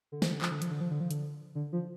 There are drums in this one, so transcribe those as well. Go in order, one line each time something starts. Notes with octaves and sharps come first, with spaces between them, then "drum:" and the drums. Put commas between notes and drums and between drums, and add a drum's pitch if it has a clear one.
D3
F3, drum: snare
D3
F3, drum: clap
D3
F3, drum: hi-hat
D3
F3
D3
F3
D3, drum: hi-hat
D3
F3